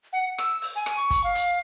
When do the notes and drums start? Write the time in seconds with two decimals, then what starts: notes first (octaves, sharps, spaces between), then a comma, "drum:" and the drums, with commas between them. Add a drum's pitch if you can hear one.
0.13 F#5
0.38 E6, drum: rim click
0.62 drum: open hi-hat
0.76 G#5
0.86 drum: rim click
0.97 C#6
1.11 drum: kick, hi-hat
1.24 F5
1.35 drum: hi-hat